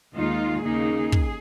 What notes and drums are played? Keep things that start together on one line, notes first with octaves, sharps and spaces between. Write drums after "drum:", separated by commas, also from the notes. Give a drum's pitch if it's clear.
D#2 D#3 G#3 D#4 F4
D#2 C#3 A#3 D#4 G#4
drum: kick